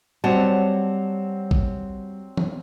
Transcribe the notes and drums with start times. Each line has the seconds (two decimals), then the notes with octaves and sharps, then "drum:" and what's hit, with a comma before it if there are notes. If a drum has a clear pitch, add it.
0.24 F#3 G3 C4 C5 C#5 F#5 A5
1.51 drum: kick A1
2.37 drum: tom E3